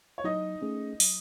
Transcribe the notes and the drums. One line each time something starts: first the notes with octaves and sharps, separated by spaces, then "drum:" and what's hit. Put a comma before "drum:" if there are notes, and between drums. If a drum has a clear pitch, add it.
C#5
F#3 D#4 D#5
A3 C#4 G#4
F#3, drum: open hi-hat